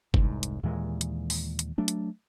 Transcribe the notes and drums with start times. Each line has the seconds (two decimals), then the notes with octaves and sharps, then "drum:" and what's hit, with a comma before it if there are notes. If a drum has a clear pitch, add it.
0.14 F1 C2 G#2, drum: kick
0.43 drum: hi-hat
0.63 D#2 A#2 E3 G#3
1.01 drum: hi-hat
1.30 drum: open hi-hat
1.59 drum: hi-hat
1.78 F#3 A3 D4
1.88 drum: hi-hat